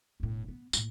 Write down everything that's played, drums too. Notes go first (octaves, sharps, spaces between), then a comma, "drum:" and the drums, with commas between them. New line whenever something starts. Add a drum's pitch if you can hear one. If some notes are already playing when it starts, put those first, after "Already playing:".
E1 A2
B3
A2 A#3, drum: tambourine